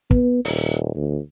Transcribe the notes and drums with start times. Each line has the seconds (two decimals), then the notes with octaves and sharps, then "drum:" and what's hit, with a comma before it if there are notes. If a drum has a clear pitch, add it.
0.11 B3, drum: kick
0.45 D#1, drum: open hi-hat
0.96 D2